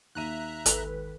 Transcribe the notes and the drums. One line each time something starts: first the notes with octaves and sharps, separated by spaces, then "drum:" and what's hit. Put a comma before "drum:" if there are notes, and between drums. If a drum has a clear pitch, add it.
D#2 E5 A#5 F#6 D#7
G#1 A4 B4 F7, drum: hi-hat